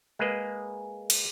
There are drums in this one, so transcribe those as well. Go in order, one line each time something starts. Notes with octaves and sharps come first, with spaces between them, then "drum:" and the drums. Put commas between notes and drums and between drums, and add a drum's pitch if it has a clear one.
G#3 A#3 G#4 B4 D#5
drum: cymbal